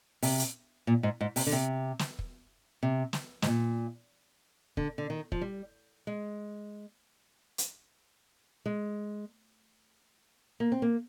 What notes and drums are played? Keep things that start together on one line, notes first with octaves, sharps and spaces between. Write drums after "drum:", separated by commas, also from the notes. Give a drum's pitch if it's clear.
C3, drum: open hi-hat
drum: hi-hat
A#2
G#2
G#2
C3, drum: open hi-hat
D3
C3
drum: snare
drum: kick
C3
drum: snare
G#2, drum: snare
A#2
D3, drum: kick
D3
D#3
F3, drum: kick
G3
G#3
drum: hi-hat
G#3
A#3
C4
A#3